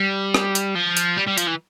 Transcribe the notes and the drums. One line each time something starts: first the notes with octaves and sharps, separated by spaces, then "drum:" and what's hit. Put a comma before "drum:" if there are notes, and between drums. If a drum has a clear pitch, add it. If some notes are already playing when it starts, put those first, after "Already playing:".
Already playing: G3
drum: rim click
drum: hi-hat
F3
drum: hi-hat
G3
G3
F3, drum: hi-hat
E3